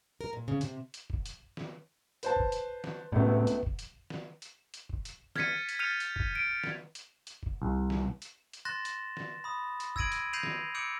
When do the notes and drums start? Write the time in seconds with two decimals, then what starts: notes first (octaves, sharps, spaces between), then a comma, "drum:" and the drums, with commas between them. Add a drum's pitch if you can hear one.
0.21 A#4
0.33 A#2
0.48 C#3
0.61 C3, drum: hi-hat
0.94 drum: hi-hat
1.10 drum: kick
1.26 drum: hi-hat
1.57 drum: snare
2.23 B4 C5 A5, drum: hi-hat
2.36 drum: kick
2.52 drum: hi-hat
2.84 drum: snare
3.12 C#2 A2 C3 A3 B3
3.47 drum: hi-hat
3.63 drum: kick
3.79 drum: hi-hat
4.10 drum: snare
4.42 drum: hi-hat
4.74 drum: hi-hat
4.89 drum: kick
5.05 drum: hi-hat
5.36 F6 G#6 A6 B6 C#7 D#7, drum: snare
5.69 drum: hi-hat
5.79 F6 G6 A6 C#7 D#7 F7
6.00 drum: hi-hat
6.16 drum: kick
6.35 D7 D#7
6.64 drum: snare
6.95 drum: hi-hat
7.27 drum: hi-hat
7.43 drum: kick
7.62 C2
7.90 drum: snare
8.22 drum: hi-hat
8.53 drum: hi-hat
8.65 C6 F#6 A6 A#6 E7
8.85 drum: hi-hat
9.17 drum: snare
9.44 B5 D#6
9.80 drum: hi-hat
9.96 E6 G#6 A#6 D7 D#7 F#7, drum: kick
10.12 drum: hi-hat
10.33 G6 A#6 C7 D#7 F7 F#7
10.43 drum: snare
10.75 D6 E6 G6 C#7 D7 F#7